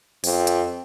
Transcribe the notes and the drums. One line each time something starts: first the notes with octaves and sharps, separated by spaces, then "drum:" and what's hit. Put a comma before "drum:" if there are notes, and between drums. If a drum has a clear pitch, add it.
F2, drum: open hi-hat
drum: hi-hat